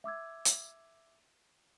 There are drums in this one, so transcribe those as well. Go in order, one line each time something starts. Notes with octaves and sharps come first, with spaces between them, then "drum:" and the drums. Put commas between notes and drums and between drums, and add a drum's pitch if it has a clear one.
E5 D6 E6 G#6
drum: hi-hat